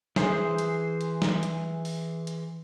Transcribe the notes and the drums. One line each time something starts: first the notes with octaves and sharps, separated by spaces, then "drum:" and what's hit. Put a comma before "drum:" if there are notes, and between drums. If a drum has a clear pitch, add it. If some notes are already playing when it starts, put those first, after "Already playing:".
E3 G#4 C5, drum: snare
drum: hi-hat
drum: hi-hat
drum: snare
drum: hi-hat
drum: open hi-hat
drum: hi-hat